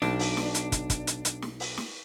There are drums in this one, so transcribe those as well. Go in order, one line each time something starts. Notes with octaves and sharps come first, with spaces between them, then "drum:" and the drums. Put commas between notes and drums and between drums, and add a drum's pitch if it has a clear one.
B1 D4, drum: snare
drum: open hi-hat
drum: snare
drum: hi-hat
drum: kick, hi-hat
drum: kick, hi-hat
drum: hi-hat
drum: hi-hat
drum: snare
drum: open hi-hat
drum: snare